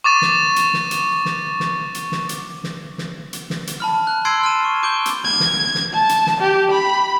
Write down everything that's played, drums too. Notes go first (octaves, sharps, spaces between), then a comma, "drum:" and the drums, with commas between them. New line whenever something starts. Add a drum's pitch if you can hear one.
C#6 D6 A6 D#7
drum: snare
drum: hi-hat
drum: snare
drum: hi-hat
drum: snare
drum: snare
drum: hi-hat
drum: snare
drum: hi-hat
drum: snare
drum: snare
drum: hi-hat
drum: snare
drum: hi-hat
A5 B5 F6
F#6
C6 E6 G#6 A6 C7 D7
F6 A6 D#7 E7
C#6
D6 G6 D7 G7
drum: hi-hat
G#6
drum: snare
drum: snare
A5
drum: hi-hat
drum: snare
G4
B5